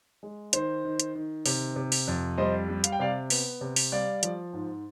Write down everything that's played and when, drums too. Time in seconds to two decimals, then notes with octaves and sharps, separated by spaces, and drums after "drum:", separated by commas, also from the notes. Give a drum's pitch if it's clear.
0.23 G#3
0.53 D#3 C5, drum: hi-hat
0.85 D#3
1.00 drum: hi-hat
1.15 D#3
1.46 C3, drum: open hi-hat
1.76 C3
1.92 drum: open hi-hat
2.07 F2
2.38 G3 C5 D#5
2.68 G3
2.84 F5, drum: hi-hat
2.92 G5
2.99 C3 D5 F5
3.30 B3, drum: open hi-hat
3.61 C3
3.76 drum: open hi-hat
3.92 G3 D5 F5
4.23 F3, drum: hi-hat
4.53 G#2